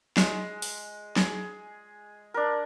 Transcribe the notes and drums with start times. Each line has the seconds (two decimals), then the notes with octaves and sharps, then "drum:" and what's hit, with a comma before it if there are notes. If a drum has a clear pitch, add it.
0.17 G#3, drum: snare
0.62 drum: open hi-hat
1.16 G#4, drum: snare
2.34 D4 A#4